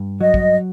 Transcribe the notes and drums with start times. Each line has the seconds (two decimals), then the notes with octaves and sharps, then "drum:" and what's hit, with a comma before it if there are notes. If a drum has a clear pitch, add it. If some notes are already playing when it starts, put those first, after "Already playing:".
Already playing: G2
0.21 F#3 D#5
0.34 drum: kick